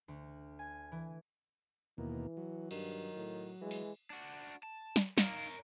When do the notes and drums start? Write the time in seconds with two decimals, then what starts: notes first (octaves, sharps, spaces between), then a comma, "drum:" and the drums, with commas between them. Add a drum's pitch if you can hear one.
0.08 D2
0.59 G#5
0.92 E3
1.98 D#2 B2 E3 A#3
2.37 F#3
2.71 G2 D#3, drum: cymbal
3.16 A2
3.61 E3 G#3
3.71 drum: open hi-hat
4.10 D4 F#4
4.63 A5
4.96 drum: snare
5.18 D#4 A#4 C#5 F5, drum: snare